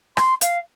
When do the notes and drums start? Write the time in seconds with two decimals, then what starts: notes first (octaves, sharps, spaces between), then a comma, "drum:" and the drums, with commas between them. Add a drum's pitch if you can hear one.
0.17 C6, drum: rim click
0.41 F5, drum: hi-hat